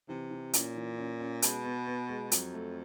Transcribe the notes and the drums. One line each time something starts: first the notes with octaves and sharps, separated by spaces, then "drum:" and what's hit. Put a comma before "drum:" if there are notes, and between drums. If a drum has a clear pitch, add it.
C3 E3
E3
A#2 C#4, drum: hi-hat
E3
C#4
C#4
B2 G#3, drum: hi-hat
B3
B3
G#3
F2 F#3, drum: hi-hat
A3